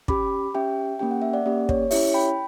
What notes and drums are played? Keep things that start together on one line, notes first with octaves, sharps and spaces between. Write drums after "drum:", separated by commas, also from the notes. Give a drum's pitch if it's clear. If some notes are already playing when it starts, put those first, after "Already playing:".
C#4 G4 B5 D6, drum: kick
C#4 G4 E5 G5
A#3 C#4 G4 G5
F#5
E5
D5 F#5
A#3 C#4 G4 D5
C#5, drum: kick
C#4 E4 G4 C#5 E5, drum: open hi-hat
G5 B5